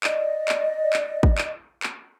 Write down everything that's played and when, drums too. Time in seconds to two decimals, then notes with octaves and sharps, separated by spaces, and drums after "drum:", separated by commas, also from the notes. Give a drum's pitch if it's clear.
0.04 D5 D#5, drum: clap
0.48 drum: clap
0.93 drum: clap
1.23 drum: kick
1.38 drum: clap
1.83 drum: clap